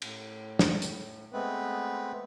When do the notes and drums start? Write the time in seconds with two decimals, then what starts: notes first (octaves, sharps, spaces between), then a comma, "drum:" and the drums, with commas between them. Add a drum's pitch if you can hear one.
0.02 A2, drum: cymbal
0.59 drum: snare
0.82 drum: hi-hat
1.33 G#3 A3 B3 C4 B4